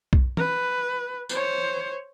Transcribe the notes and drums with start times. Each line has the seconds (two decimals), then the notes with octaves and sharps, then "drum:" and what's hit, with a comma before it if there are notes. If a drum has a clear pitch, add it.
0.13 drum: kick B1
0.37 B4, drum: tom
1.29 C5 C#5, drum: tambourine